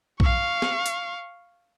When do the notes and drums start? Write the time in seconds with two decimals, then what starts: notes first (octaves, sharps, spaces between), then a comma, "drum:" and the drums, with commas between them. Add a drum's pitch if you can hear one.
0.20 F5 C#6, drum: kick A#1
0.62 drum: snare
0.86 drum: hi-hat